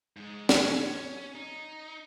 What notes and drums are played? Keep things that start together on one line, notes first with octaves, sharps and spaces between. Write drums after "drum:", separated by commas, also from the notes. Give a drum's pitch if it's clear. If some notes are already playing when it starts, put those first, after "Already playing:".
G#2 G#3
C#4, drum: snare
C#4
D#4